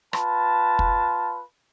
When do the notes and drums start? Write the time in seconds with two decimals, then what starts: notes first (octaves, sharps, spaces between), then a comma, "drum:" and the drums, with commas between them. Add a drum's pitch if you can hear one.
0.13 F4 B4 A5, drum: rim click
0.79 drum: kick